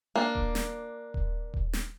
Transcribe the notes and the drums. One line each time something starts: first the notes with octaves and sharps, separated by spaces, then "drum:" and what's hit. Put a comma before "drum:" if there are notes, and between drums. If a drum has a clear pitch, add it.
A#3 D4
drum: kick D#1
drum: snare
drum: kick D#1
drum: kick D#1
drum: snare